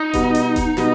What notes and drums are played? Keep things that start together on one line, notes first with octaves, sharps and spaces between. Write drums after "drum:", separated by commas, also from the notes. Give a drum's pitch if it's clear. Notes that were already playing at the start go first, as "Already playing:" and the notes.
Already playing: D#4
B2 G3 B3, drum: kick E1, hi-hat
drum: hi-hat
drum: kick E1, hi-hat
B2 G3 B3, drum: snare